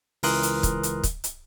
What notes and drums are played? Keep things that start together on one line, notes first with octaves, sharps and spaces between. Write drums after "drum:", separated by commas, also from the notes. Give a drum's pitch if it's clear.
C#2 E3 A#4 C6 D#6 F#6, drum: open hi-hat
drum: hi-hat
drum: kick, hi-hat
drum: hi-hat
drum: kick, hi-hat
drum: hi-hat